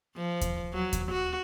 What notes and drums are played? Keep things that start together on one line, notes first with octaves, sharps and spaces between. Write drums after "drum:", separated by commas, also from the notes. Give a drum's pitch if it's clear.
F3
drum: kick D#2, hi-hat
F#3
drum: kick D#2, hi-hat
F#4